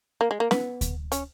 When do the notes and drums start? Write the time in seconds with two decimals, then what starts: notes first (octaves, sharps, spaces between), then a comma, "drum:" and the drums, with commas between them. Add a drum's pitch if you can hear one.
0.21 A#3
0.31 G#3
0.40 A#3
0.51 B3, drum: snare C#4
0.81 drum: kick D2, hi-hat
1.12 C#4, drum: hi-hat